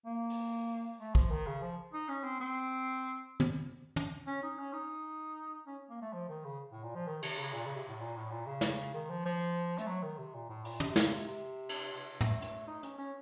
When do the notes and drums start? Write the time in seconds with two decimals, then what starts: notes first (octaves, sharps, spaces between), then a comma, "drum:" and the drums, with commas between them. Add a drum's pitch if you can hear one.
0.06 A#3
0.30 drum: open hi-hat
1.00 A3
1.15 F3, drum: kick
1.31 D#3
1.47 C#3
1.62 F3
1.93 D#4
2.08 C#4
2.24 C4
2.40 C4
3.40 drum: tom
3.96 drum: tom
4.27 C#4
4.43 D#4
4.58 C#4
4.73 D#4
5.67 C#4
5.90 A#3
6.02 A3
6.13 F3
6.29 D#3
6.45 C#3
6.72 A2
6.83 A#2
6.95 F3
7.07 D#3
7.23 C3, drum: cymbal
7.38 C#3
7.53 A#2
7.66 C#3
7.76 C3
7.88 A2
8.00 A#2
8.16 A2
8.31 A#2
8.47 C#3
8.61 drum: snare
8.94 D#3
9.09 F3
9.25 F3
9.78 A3, drum: hi-hat
9.87 F#3
10.03 D#3
10.18 C3
10.34 A#2
10.49 A2
10.65 A#2, drum: open hi-hat
10.80 C3, drum: tom
10.91 C3
10.96 C#3, drum: snare
11.12 C3
11.27 C3
11.69 drum: cymbal
12.21 A3, drum: tom
12.42 drum: hi-hat
12.67 D#4
12.83 C#4, drum: hi-hat
12.98 C#4